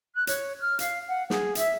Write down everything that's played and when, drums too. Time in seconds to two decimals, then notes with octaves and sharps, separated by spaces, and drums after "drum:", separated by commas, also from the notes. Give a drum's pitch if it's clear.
0.14 F#6
0.27 C#5, drum: hi-hat
0.60 F6
0.79 F5, drum: hi-hat
1.08 F#5
1.30 G#4, drum: snare
1.55 E5, drum: hi-hat